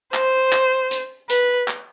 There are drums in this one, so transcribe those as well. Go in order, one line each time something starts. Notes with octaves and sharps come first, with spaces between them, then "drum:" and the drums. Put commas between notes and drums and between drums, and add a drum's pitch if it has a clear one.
C5, drum: clap
drum: clap
drum: hi-hat
B4, drum: hi-hat
drum: clap